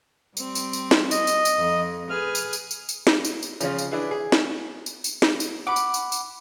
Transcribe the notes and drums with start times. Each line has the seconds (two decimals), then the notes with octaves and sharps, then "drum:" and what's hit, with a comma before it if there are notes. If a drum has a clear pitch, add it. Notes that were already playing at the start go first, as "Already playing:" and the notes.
0.37 G3 C4, drum: tambourine
0.55 drum: tambourine
0.73 drum: tambourine
0.91 drum: snare
1.11 D#5, drum: tambourine
1.27 drum: tambourine
1.45 drum: tambourine
1.57 F2
2.10 G#4 B4 F6
2.35 drum: tambourine
2.53 drum: tambourine
2.71 drum: tambourine
2.89 drum: tambourine
3.07 drum: snare
3.25 drum: tambourine
3.43 drum: tambourine
3.61 C#3 F3 C#4 F4, drum: tambourine
3.78 drum: tambourine
3.91 D4 E4 G#4 B4
4.11 G#4
4.32 drum: snare
4.86 drum: tambourine
5.04 drum: tambourine
5.22 drum: snare
5.40 drum: tambourine
5.67 F#5 B5 D6
5.76 drum: tambourine
5.94 drum: tambourine
6.12 drum: tambourine